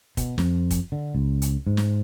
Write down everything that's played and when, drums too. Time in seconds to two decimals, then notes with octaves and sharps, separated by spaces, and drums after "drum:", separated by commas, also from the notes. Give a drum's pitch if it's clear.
0.17 B2, drum: kick, hi-hat
0.38 F2, drum: snare
0.71 drum: kick, hi-hat
0.92 D3
1.15 C#2
1.42 drum: hi-hat
1.67 G#2
1.77 drum: snare